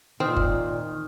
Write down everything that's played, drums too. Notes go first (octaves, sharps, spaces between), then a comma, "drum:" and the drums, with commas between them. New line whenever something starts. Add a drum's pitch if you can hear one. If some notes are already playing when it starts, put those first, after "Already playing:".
A#2 D#3 C4
drum: kick F#1